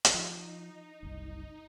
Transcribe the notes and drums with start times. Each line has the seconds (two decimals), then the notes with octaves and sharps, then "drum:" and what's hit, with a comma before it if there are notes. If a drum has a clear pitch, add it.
0.05 drum: hi-hat
0.14 F3 D#4
1.03 F#1 C2